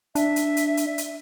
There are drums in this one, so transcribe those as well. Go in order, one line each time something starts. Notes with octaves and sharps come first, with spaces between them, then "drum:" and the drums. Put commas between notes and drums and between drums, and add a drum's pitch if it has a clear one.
D4 E5, drum: hi-hat
drum: hi-hat
drum: hi-hat
drum: hi-hat
drum: hi-hat